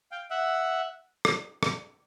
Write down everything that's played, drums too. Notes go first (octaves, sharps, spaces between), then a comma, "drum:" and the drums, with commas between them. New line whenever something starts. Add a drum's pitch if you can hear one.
F5 G5
E5 F#5
drum: rim click
drum: rim click